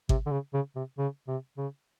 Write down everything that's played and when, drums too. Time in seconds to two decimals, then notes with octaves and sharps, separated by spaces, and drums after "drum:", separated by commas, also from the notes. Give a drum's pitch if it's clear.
0.09 C3, drum: kick G#1
0.26 D3
0.31 C#3
0.53 C#3
0.76 C3
0.98 C#3
1.28 C3
1.58 C#3